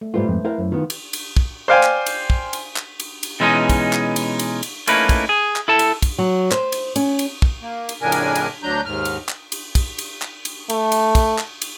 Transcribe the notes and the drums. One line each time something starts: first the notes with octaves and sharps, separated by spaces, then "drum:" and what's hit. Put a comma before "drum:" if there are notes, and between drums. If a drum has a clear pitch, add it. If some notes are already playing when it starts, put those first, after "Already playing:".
A3
G#2 G3 A3 F4 B4 C5
F2 G#2
E4 A#4 C5 F5
F#2
D#3 B3 F4
drum: cymbal
drum: cymbal
drum: kick
C5 D5 F5 G5 G#5 C6
drum: clap
drum: cymbal
drum: kick
drum: cymbal
drum: clap
drum: cymbal
drum: cymbal
B2 E3 G#3 C#4 D#4
drum: kick, cymbal
drum: clap
drum: cymbal
drum: cymbal
drum: cymbal
A3 A#3 C#4 D#4 E4 B4, drum: cymbal
drum: kick, cymbal
G#4
drum: clap
E4 A4 A5
drum: cymbal
drum: kick, cymbal
F#3
C5, drum: clap
drum: cymbal
C#4, drum: cymbal
drum: cymbal
drum: kick
A#3
drum: cymbal
F2 A2 C#3 D4 A#4 G#5
drum: cymbal
drum: cymbal
D2 F#3 D4 A#5 G6
D#2 G#2 F6
drum: cymbal
drum: clap
drum: cymbal
drum: kick, cymbal
drum: cymbal
drum: clap
drum: cymbal
A3, drum: cymbal
drum: cymbal
drum: kick, cymbal
drum: clap
drum: cymbal